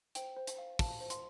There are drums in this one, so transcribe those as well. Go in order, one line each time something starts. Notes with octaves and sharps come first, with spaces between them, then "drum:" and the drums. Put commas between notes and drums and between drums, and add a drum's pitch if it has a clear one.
C5 G5, drum: hi-hat
C5
drum: hi-hat
F5
F5 A5, drum: kick, open hi-hat
C5
C6, drum: hi-hat